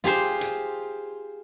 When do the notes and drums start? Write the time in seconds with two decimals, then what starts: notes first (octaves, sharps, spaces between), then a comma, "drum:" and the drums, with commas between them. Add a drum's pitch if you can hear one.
0.04 F4 G4 G#4 C5, drum: snare
0.41 drum: hi-hat